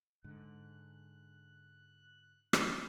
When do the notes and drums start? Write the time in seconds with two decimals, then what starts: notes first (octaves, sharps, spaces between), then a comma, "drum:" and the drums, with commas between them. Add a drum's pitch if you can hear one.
0.24 G#2 D3 F#6
2.53 drum: rim click